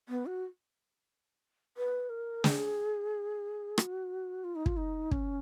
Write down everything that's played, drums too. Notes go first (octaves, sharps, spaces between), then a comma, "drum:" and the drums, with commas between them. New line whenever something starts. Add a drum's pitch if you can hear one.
B3
F#4
B4
A#4
G#4, drum: snare
F#4, drum: rim click
F4
D#4
F4, drum: kick
D#4
C#4, drum: kick